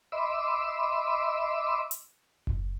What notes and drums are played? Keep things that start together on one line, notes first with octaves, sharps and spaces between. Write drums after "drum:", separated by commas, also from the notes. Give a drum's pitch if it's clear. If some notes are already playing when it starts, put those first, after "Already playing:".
D#5 E5 B5 C6 D6 E6
drum: hi-hat
drum: kick F#1